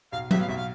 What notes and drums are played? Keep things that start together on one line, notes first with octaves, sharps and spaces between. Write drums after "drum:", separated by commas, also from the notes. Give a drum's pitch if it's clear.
B1 F5
A2 F#3 B3 E5, drum: tom
F5
B1 E5
F5